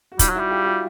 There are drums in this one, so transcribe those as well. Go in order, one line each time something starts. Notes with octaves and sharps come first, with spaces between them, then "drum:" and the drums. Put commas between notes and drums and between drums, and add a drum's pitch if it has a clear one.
F#4
G3 D#4 F4, drum: kick, hi-hat
F#3
E4 F#4
G3
F4 G4
F4 G4